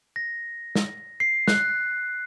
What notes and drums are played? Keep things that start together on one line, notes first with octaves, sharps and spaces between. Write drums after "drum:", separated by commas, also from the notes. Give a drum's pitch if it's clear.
A#6
drum: snare
C7
F#6, drum: snare